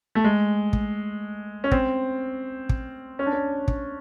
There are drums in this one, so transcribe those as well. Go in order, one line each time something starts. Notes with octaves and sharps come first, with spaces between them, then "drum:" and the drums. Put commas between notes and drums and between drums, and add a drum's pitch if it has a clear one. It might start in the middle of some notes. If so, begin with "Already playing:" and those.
A3
G#3
drum: kick
C#4
C4, drum: kick
drum: kick
C#4
D4
C#4
drum: kick